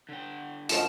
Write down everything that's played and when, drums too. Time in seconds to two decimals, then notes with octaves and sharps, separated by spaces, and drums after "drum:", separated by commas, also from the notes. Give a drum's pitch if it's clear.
0.09 D3 G5
0.69 F#2 F3 A3 F4 A4 D#5 E7, drum: open hi-hat